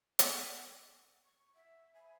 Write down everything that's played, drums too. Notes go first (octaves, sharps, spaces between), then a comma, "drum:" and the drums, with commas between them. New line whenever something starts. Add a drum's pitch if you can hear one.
drum: hi-hat
C#6
E5 F#5
C5 E5 G#5 B5